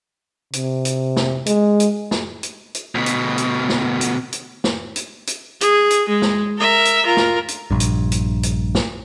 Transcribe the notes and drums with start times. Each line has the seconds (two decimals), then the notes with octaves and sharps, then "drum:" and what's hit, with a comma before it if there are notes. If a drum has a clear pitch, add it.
0.53 C3, drum: hi-hat
0.85 drum: hi-hat
1.17 drum: snare
1.46 G#3, drum: hi-hat
1.80 drum: hi-hat
2.11 drum: snare
2.43 drum: hi-hat
2.74 drum: hi-hat
2.95 D2 B2
3.06 drum: hi-hat
3.38 drum: hi-hat
3.69 drum: snare
4.01 drum: hi-hat
4.32 drum: hi-hat
4.64 drum: snare
4.96 drum: hi-hat
5.27 drum: hi-hat
5.61 G#4, drum: hi-hat
5.90 drum: hi-hat
6.09 G#3
6.22 drum: snare
6.59 A#4 E5
6.85 drum: hi-hat
7.05 F4 A#4
7.17 drum: snare
7.48 drum: hi-hat
7.71 A#1 G2
7.80 drum: hi-hat
8.12 drum: hi-hat
8.43 drum: hi-hat
8.75 drum: snare